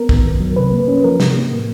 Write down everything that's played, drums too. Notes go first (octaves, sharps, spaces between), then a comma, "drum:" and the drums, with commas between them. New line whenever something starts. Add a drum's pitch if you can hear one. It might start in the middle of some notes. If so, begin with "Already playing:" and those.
Already playing: B3 A#4
D#3, drum: kick
F#2
F#3
C3 B4
A#3
C#4
F3 A#4
C3, drum: snare
A#3
A2